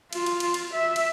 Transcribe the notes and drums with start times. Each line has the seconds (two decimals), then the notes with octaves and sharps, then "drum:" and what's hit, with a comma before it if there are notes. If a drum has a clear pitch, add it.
0.13 F4, drum: cymbal
0.26 drum: cymbal
0.40 drum: cymbal
0.54 drum: cymbal
0.73 E5
0.96 drum: cymbal